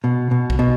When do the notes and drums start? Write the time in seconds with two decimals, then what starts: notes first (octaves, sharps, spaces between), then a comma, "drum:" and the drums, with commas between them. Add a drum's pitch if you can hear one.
0.04 B2
0.31 B2
0.50 drum: kick B1
0.59 B2